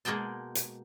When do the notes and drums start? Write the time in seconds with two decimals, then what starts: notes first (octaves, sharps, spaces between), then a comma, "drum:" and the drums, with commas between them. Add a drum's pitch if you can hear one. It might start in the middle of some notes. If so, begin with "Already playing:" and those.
0.05 B2 G#3 A#3 G#4 G5 A5
0.55 drum: hi-hat